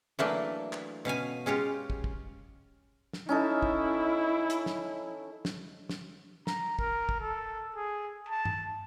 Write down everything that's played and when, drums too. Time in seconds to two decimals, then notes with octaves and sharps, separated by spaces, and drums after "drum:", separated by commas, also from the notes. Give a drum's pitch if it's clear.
0.19 E3 F#3 A3 A#3 D4
0.73 drum: clap
1.05 B2 C#4 F5 G#5
1.46 G#3 C#4 F4 G4
1.90 drum: kick
2.04 drum: kick
3.13 drum: snare
3.29 C#4 D#4 E4 A4
3.62 drum: kick
4.50 drum: hi-hat
4.66 drum: snare
5.45 drum: snare
5.89 drum: snare
6.47 A#5, drum: snare
6.79 A#4, drum: kick
7.09 drum: kick
7.21 A4
7.76 G#4
8.28 A5
8.45 drum: tom G2